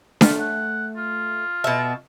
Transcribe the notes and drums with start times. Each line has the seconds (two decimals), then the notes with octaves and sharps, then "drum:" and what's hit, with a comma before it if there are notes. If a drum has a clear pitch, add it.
0.21 A3 F4, drum: snare D4
0.40 F#5
0.97 F4
1.64 B2 E5 A5